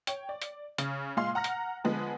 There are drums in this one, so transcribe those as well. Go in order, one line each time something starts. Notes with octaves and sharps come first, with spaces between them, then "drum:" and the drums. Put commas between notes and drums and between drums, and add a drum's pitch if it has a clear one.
C#5 G5, drum: hi-hat
D5
drum: hi-hat
C#3, drum: hi-hat
A#2 G#3 F5 C6
F#5 A#5 F6 A#6
drum: hi-hat
D3 F3 G#3 B3